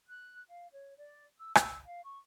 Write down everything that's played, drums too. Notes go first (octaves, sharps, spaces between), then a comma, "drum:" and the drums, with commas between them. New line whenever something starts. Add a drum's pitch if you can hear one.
F#6
F5
C#5
D5
E6
E6, drum: rim click
F5
C#6